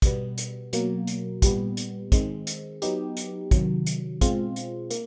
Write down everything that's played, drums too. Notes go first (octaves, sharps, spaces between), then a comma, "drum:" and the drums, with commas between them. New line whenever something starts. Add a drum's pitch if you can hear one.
B2 G3 B3, drum: kick, hi-hat
drum: hi-hat
B2 F#3 A#3, drum: hi-hat
drum: hi-hat
A#2 G3 B3, drum: kick, hi-hat
drum: hi-hat
D#3 G#3 C4, drum: kick, hi-hat
drum: hi-hat
F#3 B3 D#4 G4, drum: hi-hat
drum: hi-hat
C3 D#3 F#3, drum: kick, hi-hat
drum: hi-hat
B2 G#3 C4 F4, drum: kick, hi-hat
drum: hi-hat
A#3, drum: hi-hat